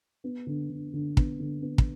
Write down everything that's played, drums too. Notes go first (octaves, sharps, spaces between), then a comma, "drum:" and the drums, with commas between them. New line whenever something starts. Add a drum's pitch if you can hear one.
B3
D3
D3
D3
B3, drum: kick
D3
B3
drum: kick